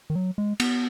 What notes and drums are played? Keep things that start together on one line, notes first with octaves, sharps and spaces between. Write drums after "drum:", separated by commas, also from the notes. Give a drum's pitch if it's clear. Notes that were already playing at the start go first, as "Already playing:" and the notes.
D#3
F#3
G#3
B3, drum: cymbal